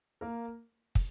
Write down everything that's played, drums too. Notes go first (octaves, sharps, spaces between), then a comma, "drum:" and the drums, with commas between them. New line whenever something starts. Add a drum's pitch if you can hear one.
A#3 A#4
drum: kick